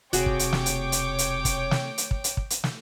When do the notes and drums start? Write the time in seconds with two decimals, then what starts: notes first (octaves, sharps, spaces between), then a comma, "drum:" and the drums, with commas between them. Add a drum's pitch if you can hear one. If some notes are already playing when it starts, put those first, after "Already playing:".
0.13 E1 C3 F#4 G#4 C#5 G5 D6, drum: hi-hat
0.26 drum: kick
0.39 drum: hi-hat
0.53 drum: snare
0.66 drum: hi-hat
0.92 drum: hi-hat
1.19 drum: hi-hat
1.45 drum: kick, hi-hat
1.71 drum: snare
1.98 drum: hi-hat
2.11 drum: kick
2.24 drum: hi-hat
2.37 drum: kick
2.50 drum: hi-hat
2.64 drum: snare